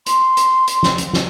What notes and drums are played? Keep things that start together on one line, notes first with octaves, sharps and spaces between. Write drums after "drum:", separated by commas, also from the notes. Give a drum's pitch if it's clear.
C6, drum: hi-hat
drum: hi-hat
drum: hi-hat
drum: snare
drum: hi-hat
drum: snare